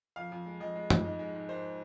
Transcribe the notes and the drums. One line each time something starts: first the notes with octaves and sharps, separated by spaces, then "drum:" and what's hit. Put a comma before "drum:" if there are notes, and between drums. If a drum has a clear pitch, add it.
F2 F5
F2
G#3
F2 D#5
G#3
F2, drum: tom F#2
G#2 D#5
G#3
G#2
G#2 C5